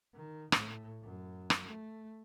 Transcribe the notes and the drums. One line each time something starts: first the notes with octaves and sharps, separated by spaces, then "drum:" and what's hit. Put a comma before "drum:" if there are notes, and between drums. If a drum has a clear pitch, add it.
D#3
A2, drum: rim click
F#2
drum: rim click
A3